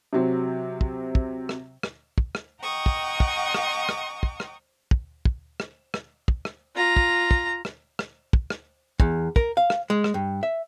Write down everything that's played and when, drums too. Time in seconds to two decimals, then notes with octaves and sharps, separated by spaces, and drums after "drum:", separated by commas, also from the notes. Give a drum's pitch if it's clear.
0.13 C3 F#3 C4
0.81 drum: kick
1.15 drum: kick
1.49 drum: rim click
1.83 drum: rim click
2.18 drum: kick
2.35 drum: rim click
2.61 D#5 F#5 G5 A#5 C#6 D#6
2.86 drum: kick
3.20 drum: kick
3.54 drum: rim click
3.89 drum: rim click
4.23 drum: kick
4.40 drum: rim click
4.91 drum: kick
5.25 drum: kick
5.60 drum: rim click
5.94 drum: rim click
6.28 drum: kick
6.45 drum: rim click
6.75 F4 A#5
6.96 drum: kick
7.31 drum: kick
7.65 drum: rim click
7.99 drum: rim click
8.33 drum: kick
8.50 drum: rim click
9.00 E2, drum: kick
9.36 A#4, drum: kick
9.57 F5
9.70 drum: rim click
9.90 G#3
10.04 drum: rim click
10.14 G2
10.43 E5